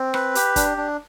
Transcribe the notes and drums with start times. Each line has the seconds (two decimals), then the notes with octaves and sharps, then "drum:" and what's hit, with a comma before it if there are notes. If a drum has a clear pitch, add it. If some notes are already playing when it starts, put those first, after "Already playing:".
Already playing: C4
0.14 B4, drum: rim click
0.35 G4, drum: hi-hat
0.56 D4, drum: kick, hi-hat
0.77 D4